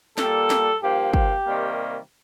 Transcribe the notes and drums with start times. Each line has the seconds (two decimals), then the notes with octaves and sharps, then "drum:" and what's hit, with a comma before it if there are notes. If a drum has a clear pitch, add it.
0.18 A#2 G3 A#3 A4, drum: snare
0.50 drum: snare
0.82 G2 F3 A#3 G4
1.14 G4, drum: kick
1.46 C3 D#3 G3 A#3